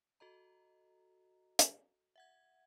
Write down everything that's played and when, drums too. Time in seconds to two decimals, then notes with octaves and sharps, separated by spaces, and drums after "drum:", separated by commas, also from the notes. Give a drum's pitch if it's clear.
0.20 F#4 A4 D#5 A#5
1.59 drum: hi-hat
2.16 E5 F#5 G#6